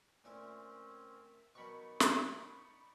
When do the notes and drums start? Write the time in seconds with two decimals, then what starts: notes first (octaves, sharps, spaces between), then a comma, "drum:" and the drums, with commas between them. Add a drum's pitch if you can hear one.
0.24 A#2 A3 C4 C#4 E4
1.27 E5
1.55 B2 D#3 F#3 D#4 D5 B5 C#6
2.00 drum: snare